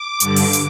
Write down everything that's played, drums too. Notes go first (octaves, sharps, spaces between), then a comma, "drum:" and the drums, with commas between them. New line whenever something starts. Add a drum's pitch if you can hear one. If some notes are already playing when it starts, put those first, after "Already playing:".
Already playing: D6
G2 D3, drum: hi-hat
drum: open hi-hat
drum: hi-hat